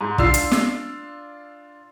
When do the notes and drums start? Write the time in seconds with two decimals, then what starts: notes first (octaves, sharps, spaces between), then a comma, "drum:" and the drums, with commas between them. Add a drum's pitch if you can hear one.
0.01 G#2
0.18 D4 F4 E6 C7, drum: kick
0.34 drum: hi-hat
0.51 drum: snare